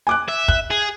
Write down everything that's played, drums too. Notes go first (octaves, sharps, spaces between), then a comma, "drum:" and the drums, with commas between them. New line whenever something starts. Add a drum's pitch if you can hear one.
G#5 D6 F#6
E5
F#6, drum: kick
G#4